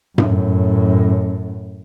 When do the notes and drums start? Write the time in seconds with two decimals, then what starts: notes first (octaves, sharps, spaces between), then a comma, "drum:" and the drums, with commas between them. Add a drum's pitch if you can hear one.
0.18 F#2 A2, drum: tom G2